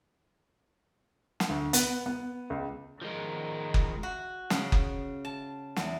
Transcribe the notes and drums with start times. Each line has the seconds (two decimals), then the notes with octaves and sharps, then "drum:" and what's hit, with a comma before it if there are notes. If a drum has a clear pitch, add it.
1.40 drum: snare
1.49 D2
1.73 B3, drum: hi-hat
2.06 B3
2.50 C#2
3.02 D#3 F3 G#3
3.74 drum: kick F#1
4.03 F#4
4.50 C#3, drum: snare
4.72 drum: kick F#1
5.25 A5
5.76 E2, drum: snare